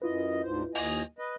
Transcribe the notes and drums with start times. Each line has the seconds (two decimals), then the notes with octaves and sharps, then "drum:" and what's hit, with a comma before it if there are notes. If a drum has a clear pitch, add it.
0.02 F#2 E4 F4 B4 D#5
0.44 D2 G#2 C5
0.75 D#2 D#5 G#5, drum: open hi-hat
1.19 B4 D#5